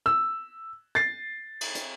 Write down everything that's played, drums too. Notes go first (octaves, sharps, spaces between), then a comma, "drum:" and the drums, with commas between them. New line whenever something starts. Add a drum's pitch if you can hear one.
E6
A6 C7
drum: cymbal
drum: hi-hat